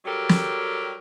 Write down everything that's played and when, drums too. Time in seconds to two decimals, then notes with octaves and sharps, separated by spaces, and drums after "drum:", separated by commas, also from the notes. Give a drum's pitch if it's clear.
0.05 F#3 G3 G4 A4 A#4
0.29 drum: snare